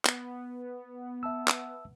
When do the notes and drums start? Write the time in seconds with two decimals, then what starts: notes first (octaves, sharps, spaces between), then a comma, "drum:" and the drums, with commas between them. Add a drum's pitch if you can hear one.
0.05 B3, drum: clap
1.23 E5 A5 E6
1.48 drum: clap